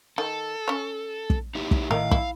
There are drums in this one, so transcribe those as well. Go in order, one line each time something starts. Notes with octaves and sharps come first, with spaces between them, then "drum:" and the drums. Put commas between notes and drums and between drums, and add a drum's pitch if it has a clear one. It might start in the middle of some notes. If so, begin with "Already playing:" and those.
D#3 A4
C#4 C#5
drum: kick
D#4 E4 G4
drum: kick
A2 D#3 A#4 F5
E4, drum: kick